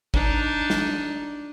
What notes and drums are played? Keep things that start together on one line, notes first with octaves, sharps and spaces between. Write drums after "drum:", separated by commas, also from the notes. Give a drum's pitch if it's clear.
D4 D#4, drum: kick
drum: snare